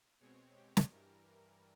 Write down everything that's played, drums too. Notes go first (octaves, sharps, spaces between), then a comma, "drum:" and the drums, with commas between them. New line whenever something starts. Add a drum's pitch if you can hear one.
B2 G#3 C4 C#5
G4
drum: snare
G2 E3 G3 A#4